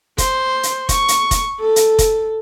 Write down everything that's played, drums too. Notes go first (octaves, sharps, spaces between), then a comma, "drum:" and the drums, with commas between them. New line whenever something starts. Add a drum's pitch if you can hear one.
C5, drum: kick F1, hi-hat
drum: hi-hat
C#6, drum: kick F1, hi-hat
drum: hi-hat
drum: kick F1, hi-hat
A4
drum: hi-hat
drum: kick F1, hi-hat